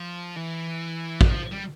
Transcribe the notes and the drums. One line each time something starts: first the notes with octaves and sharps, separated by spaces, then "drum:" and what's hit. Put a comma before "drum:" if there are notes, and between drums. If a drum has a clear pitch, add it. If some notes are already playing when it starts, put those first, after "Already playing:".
Already playing: F3
E3
D3, drum: kick
F3
G3